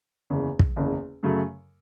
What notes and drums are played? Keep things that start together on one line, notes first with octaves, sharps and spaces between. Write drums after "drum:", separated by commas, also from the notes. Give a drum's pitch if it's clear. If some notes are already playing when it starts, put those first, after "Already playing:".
F#1 E2 C#3
drum: kick
F#1 E2 C#3
F#2 C#3 F#3 A3